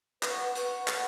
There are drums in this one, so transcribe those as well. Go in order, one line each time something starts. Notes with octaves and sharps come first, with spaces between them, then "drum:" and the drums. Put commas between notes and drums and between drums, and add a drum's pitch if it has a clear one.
B4 F#5 C#6, drum: clap
B4 F#5 C#6, drum: hi-hat
B4 F#5 C#6, drum: clap